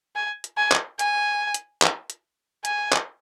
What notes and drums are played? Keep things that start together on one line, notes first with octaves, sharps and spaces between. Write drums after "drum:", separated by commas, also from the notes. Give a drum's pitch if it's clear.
G#5
drum: hi-hat
G#5
drum: clap
G#5, drum: hi-hat
drum: hi-hat
drum: clap
drum: hi-hat
G#5, drum: hi-hat
drum: clap